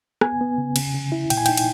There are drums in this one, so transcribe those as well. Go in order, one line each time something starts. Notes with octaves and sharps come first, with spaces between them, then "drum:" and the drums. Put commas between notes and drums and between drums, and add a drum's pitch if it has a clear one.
B3 G#5, drum: rim click
B3
C#3
C#3, drum: cymbal
C#3
E4
A#2 G5, drum: cymbal
G#5
D#4 G5, drum: cymbal
drum: cymbal